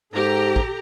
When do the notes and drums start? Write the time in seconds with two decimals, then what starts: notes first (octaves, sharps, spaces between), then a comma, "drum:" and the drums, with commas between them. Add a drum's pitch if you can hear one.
0.14 G#2 G4 A4 A#5
0.56 drum: kick